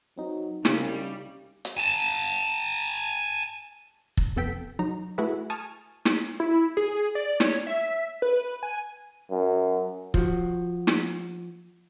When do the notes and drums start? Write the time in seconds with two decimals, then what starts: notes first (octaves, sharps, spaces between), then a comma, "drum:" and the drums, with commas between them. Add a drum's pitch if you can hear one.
0.18 F#3 C4 D#4
0.65 C2 C#3 G3, drum: snare
1.65 drum: hi-hat
1.77 G#5 A5
4.17 drum: kick
4.36 F2 C3 B3 A4 G5 B6
4.79 F#3 D#4 A#5
5.18 A3 E4 F#4 G#4 B4 E5
5.50 G#5 A5 C#6 D#6 F6 G#6
6.05 drum: snare
6.40 E4
6.77 G#4
7.15 D5
7.40 C#5, drum: snare
7.67 E5
8.22 B4
8.63 G#5
9.31 F#2
10.14 F3 F#4, drum: kick
10.87 drum: snare